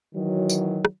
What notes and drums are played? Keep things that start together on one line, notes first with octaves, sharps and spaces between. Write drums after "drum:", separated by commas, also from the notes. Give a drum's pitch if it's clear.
D#3 E3 F#3
drum: tambourine
drum: rim click